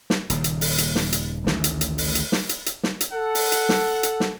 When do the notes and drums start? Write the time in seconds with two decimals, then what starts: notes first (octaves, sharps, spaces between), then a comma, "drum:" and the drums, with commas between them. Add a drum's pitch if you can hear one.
0.10 drum: snare
0.30 D#1 D#2 C#3, drum: hi-hat
0.44 drum: hi-hat
0.61 drum: open hi-hat
0.78 drum: hi-hat
0.95 drum: snare
1.12 drum: hi-hat
1.47 A1 D2 D#3 A3, drum: snare
1.64 drum: hi-hat
1.81 drum: hi-hat
1.98 drum: open hi-hat
2.15 drum: hi-hat
2.32 drum: snare
2.49 drum: hi-hat
2.66 drum: hi-hat
2.83 drum: snare
3.01 drum: hi-hat
3.12 A4 F#5
3.35 drum: open hi-hat
3.52 drum: hi-hat
3.69 drum: snare
4.03 drum: hi-hat
4.20 drum: snare